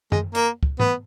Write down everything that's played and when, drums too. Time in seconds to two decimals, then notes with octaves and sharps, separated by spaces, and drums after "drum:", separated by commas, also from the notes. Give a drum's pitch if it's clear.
0.12 G#3, drum: tom F#2
0.35 A#3, drum: hi-hat
0.63 drum: kick
0.80 B3, drum: tom G#2